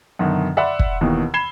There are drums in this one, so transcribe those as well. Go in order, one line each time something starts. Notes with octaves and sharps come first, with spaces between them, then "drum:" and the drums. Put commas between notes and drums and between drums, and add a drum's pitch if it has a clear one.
F#2 B2 D3 D#3
D5 E5 F#5 B5 C6 E6
drum: kick
D#2 B2 D#3 E3
B5 G#6 C7 E7 G7